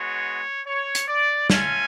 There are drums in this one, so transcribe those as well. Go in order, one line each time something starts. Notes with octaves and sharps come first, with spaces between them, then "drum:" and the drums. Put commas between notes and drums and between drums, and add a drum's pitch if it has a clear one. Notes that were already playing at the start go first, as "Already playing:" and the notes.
Already playing: G#3 B3 F#4 C#5
C#5
drum: hi-hat
D5
A3 C#4 F4 G#5, drum: snare